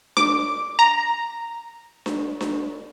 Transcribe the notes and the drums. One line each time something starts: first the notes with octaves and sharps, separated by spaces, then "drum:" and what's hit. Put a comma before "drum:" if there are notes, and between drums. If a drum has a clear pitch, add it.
D6, drum: snare D4
A#5
drum: snare D4
drum: snare D4